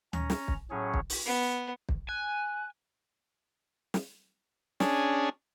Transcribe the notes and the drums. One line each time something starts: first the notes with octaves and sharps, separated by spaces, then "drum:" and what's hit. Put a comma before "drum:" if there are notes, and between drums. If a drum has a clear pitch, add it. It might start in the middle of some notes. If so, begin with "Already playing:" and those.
C#4 A#5, drum: tom D2
drum: snare
drum: kick
A2 F#3 C#4 G#4 C#5
drum: kick
drum: open hi-hat
B3
drum: kick
G#5 F#6
drum: snare
C#4 D4 G#4, drum: snare